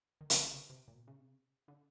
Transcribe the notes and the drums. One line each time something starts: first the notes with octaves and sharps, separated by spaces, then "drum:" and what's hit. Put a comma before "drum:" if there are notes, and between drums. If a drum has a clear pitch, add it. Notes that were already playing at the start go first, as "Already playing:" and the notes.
D#3
C#3, drum: hi-hat
D3
C#3
C3
A#2
B2
C#3
C3
D3